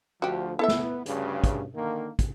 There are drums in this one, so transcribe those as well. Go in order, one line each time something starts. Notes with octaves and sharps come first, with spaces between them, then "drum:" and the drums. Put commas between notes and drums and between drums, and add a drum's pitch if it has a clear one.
D2 F3 F#4 G4
B3 E4 A4 E5
drum: snare
D2 G2 C#3, drum: hi-hat
drum: kick, hi-hat
D3 D#3 A#3
drum: kick, hi-hat